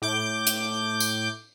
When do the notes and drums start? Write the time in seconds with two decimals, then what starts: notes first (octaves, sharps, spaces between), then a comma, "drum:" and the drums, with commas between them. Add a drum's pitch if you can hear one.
0.02 A2 D6 G6
0.47 drum: hi-hat
1.00 drum: tambourine